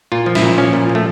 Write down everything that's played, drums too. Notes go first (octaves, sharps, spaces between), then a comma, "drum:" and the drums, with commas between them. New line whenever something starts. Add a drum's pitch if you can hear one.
A#2 F4
F3
E4, drum: snare
A#2
F3 C#4
A#2
F3
A3